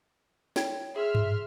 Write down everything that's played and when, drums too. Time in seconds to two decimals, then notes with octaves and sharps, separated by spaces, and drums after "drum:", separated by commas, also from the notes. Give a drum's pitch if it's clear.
0.56 C#5 G5 G#6, drum: snare
0.96 G#4 E5 C6 F6
1.15 drum: tom G2